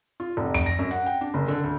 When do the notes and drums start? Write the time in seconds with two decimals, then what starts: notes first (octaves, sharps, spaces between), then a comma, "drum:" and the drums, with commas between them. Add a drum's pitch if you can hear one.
0.20 F4
0.37 F1
0.54 D7, drum: tom F2
0.66 A#6
0.79 F#2
0.91 F#5
1.06 G5
1.21 D4
1.34 F#1
1.48 D3
1.64 D2